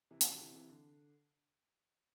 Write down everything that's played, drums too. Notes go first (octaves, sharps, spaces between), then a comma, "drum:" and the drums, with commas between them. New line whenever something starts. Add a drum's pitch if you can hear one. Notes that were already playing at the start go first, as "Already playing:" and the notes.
C3 E3
C3, drum: hi-hat
D3
C3 E3
C3 E3
D3